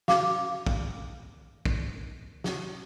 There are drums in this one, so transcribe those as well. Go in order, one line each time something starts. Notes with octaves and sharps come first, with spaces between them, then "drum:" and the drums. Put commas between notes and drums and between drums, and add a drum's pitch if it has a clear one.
F5 D6, drum: snare
drum: kick
drum: kick
drum: snare